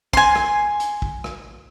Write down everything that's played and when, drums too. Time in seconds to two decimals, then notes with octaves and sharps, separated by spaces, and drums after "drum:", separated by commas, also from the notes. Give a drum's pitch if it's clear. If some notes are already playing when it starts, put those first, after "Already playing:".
0.13 G#5 C6, drum: kick
0.36 drum: rim click
0.80 drum: hi-hat
1.02 drum: kick
1.24 drum: rim click